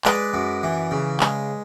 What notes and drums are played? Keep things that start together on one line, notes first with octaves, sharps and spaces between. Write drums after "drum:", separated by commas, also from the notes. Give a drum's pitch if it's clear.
G#3 B4 D5, drum: clap
F#2
E3
C#3
G#3, drum: clap